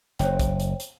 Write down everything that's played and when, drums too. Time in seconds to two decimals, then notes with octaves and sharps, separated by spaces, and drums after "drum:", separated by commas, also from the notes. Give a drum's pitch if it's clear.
0.19 F#1 C5 C#5 G5, drum: hi-hat
0.40 drum: kick, hi-hat
0.60 drum: hi-hat
0.80 drum: hi-hat